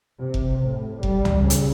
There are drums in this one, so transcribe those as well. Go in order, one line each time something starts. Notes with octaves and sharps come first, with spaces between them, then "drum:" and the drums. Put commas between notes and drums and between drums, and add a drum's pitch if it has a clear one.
C3
drum: kick F1
A2
G3, drum: kick F1
drum: tom
C#3
drum: hi-hat